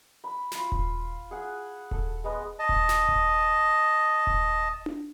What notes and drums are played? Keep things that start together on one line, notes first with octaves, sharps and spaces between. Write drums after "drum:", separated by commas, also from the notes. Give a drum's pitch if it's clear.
B5
F4 B5, drum: snare
drum: kick D#1
G#4 F#5
A4, drum: kick D#1
G#3 B3 D#5
D#5 A5
drum: kick D#1
drum: snare
drum: kick D#1
drum: kick D#1
drum: tom D4